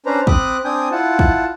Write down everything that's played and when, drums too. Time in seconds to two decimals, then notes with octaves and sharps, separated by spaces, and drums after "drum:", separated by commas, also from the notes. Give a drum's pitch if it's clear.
0.06 C#4 D4 B4 C5 A#5
0.27 C4 B5 D6 D#6 F#6, drum: kick
0.65 C4 D4 G5 G#5 D#6 G6
0.92 E4 F4 F#5 A5
1.19 drum: kick